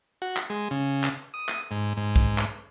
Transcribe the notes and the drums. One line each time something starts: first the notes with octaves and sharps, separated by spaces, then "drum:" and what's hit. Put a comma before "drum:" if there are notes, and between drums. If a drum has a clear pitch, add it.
F#4
drum: clap
G#3
C#3
drum: clap
D#6
drum: clap
G#2
G#2
drum: kick
drum: clap